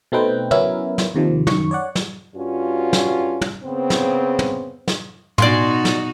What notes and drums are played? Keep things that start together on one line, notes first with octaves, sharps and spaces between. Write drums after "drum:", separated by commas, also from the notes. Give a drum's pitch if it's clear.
B2 A3 C4 D#4 B4 G5
F#3 B3 C#4 E4 A#4, drum: tom
drum: snare
D#2 C3 D#3 F3
F#2 D#3 C#6, drum: tom
C#5 D5 F#5
drum: snare
G2 C#4 F4 F#4
drum: snare
drum: tom
C#3 B3 C4
drum: snare
drum: tom
drum: snare
B2 D#4 F#4 D5 G#5 C6, drum: tom
drum: snare